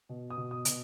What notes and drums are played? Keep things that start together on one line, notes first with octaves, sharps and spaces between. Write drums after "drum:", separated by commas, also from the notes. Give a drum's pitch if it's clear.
B2
D#6
B2
D#6
B2, drum: hi-hat